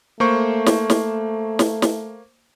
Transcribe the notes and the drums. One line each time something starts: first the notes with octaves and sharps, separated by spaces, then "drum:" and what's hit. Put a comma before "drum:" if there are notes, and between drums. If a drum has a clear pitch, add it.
A3 A#3 C5 C#6
drum: snare
drum: snare
drum: snare
drum: snare